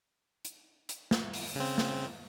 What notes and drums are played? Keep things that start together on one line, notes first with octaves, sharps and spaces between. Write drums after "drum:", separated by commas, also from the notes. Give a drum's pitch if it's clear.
drum: hi-hat
drum: hi-hat
drum: snare
drum: open hi-hat
C#3 C4
drum: snare